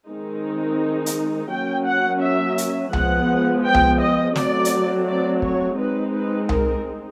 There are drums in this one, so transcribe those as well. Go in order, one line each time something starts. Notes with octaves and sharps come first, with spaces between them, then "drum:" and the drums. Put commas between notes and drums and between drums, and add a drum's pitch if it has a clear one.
D#3 G#3 C4 D#4
drum: hi-hat
F#3 A#3 C#4 G5
F#5
E5
drum: hi-hat
F3 G#3 B3 F#5, drum: tom C2
G5
drum: tom C2
D#5
F#3 A3 C4 D5, drum: snare
drum: hi-hat
D5
C#5, drum: kick
G#3 C4 D#4 B4
B4
A#4, drum: tom C2